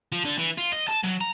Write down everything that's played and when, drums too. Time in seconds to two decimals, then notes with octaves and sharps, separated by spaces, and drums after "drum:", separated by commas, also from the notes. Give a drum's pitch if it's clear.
0.12 F3
0.25 D3
0.38 E3
0.58 F4
0.72 D#5
0.88 A5, drum: hi-hat
1.04 F#3, drum: hi-hat
1.21 A#5